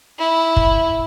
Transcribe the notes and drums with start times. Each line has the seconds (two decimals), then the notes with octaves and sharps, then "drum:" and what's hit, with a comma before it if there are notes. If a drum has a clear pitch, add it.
0.19 E4
0.56 drum: kick